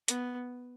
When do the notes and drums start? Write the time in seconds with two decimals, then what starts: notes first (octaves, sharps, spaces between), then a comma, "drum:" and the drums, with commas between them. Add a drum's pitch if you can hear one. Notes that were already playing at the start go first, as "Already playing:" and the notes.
0.08 B3, drum: hi-hat